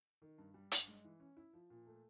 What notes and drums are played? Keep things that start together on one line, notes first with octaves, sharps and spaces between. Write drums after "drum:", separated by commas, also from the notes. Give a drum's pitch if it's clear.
D#3
G2
G3
G2, drum: hi-hat
G#3
E3
C#4
E4
F3
A#2
A3